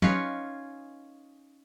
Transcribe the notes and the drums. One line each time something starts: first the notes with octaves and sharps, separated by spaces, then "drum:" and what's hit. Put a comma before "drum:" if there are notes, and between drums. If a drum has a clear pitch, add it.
C#4 D#4 F4 G#4 B4 C#5, drum: tom